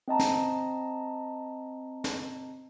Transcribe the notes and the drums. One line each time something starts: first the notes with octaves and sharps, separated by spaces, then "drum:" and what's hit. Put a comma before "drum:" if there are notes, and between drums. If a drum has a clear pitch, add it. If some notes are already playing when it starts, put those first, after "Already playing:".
C4 D#5 A5 A#5
drum: snare
drum: snare